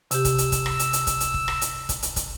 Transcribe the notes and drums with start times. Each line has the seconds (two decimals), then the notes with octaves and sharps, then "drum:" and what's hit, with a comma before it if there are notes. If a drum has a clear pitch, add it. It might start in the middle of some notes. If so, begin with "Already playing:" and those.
0.11 C3 G4 E6, drum: hi-hat
0.25 drum: kick, hi-hat
0.38 drum: hi-hat
0.52 drum: kick, hi-hat
0.66 drum: rim click
0.79 drum: hi-hat
0.93 drum: hi-hat
1.07 drum: kick, hi-hat
1.20 drum: hi-hat
1.34 drum: kick
1.48 drum: rim click
1.61 drum: hi-hat
1.89 drum: kick, hi-hat
2.03 drum: hi-hat
2.16 drum: kick, hi-hat